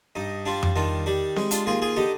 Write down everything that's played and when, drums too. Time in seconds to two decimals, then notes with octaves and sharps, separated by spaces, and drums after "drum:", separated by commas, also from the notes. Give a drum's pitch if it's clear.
0.15 G2 D#4
0.45 G3 D4 F4
0.63 drum: tom F2
0.76 D#3 D4 F4
1.06 G3 D4
1.36 G#3, drum: snare C4
1.51 D4 F4, drum: hi-hat
1.66 D#2 F4 G#4
1.82 F4 G#4
1.96 D3 D#4 G4